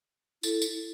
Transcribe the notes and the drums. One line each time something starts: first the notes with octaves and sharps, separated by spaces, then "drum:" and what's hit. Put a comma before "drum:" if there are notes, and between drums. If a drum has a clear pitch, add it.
E4 A4, drum: tambourine
drum: tambourine